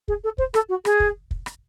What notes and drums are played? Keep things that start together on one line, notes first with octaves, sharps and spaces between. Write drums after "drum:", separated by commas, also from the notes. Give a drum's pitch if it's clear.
G#4, drum: kick
A4
C5, drum: kick
A4, drum: rim click
F#4
G#4, drum: rim click
drum: kick
drum: kick
drum: rim click